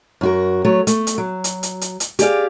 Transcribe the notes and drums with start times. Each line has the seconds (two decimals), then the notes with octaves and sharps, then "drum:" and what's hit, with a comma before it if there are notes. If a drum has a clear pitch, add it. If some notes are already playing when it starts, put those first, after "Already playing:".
0.21 F#2 F#4 A#4
0.65 F#3 A3 C#5
0.87 A3, drum: hi-hat
1.07 drum: hi-hat
1.18 F#3
1.44 drum: hi-hat
1.63 drum: hi-hat
1.81 drum: hi-hat
2.00 drum: hi-hat
2.19 G4 G#4 D5 F5, drum: hi-hat